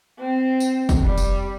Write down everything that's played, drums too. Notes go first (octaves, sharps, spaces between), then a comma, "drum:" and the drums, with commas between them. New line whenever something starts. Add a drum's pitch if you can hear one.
C4
drum: tambourine
drum: kick A1, tambourine
F1 G3
drum: tambourine